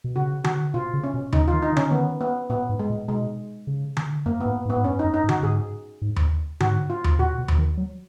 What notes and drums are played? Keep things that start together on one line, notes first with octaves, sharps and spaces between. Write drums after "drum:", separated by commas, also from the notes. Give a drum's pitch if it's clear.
B2
C#3 F#4
F#4, drum: tom D3
B2 F4
C#3
C#4
B2
C#3 D#4, drum: tom D#2
F4
D#3
D#4
D#3
C#4, drum: tom D3
D#3 B3
B3
A#2 B3
G#2
G#3
A#2
B2 G#3
C#3
drum: tom D3
F#2 A#3
G#2 B3
G#2
B3
G#2
F#2 C#4
F#2 D#4
D#4
G#2
F#4, drum: tom D3
G#2 G#4
G#2
drum: tom D#2
G#2 F#4, drum: tom D3
F4
drum: tom D#2
A#2 F#4
B2
drum: tom D#2
D#3
F#3